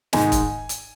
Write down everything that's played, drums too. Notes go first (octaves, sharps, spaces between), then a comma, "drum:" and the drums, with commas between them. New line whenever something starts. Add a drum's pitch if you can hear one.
G#2 D#3 G#3 D#4 G#5, drum: snare
drum: kick E1, hi-hat
drum: hi-hat